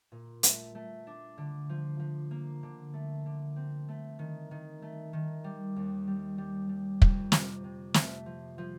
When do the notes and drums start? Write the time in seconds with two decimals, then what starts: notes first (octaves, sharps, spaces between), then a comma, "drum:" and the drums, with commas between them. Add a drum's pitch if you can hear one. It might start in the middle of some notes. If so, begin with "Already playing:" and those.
0.12 A#2
0.43 A3, drum: hi-hat
0.75 A3
1.07 D4
1.38 D3
1.69 F3
2.00 F3
2.31 A#3
2.63 D3
2.94 A3
3.26 D3
3.56 C4
3.89 A3
4.19 D#3
4.51 D#3
4.82 A3
5.13 D#3
5.44 G3
5.76 D#2
6.07 G3
6.38 G3
6.69 G3
7.02 F2, drum: kick
7.32 C3, drum: snare
7.64 C3
7.94 A3, drum: snare
8.26 F3
8.58 F3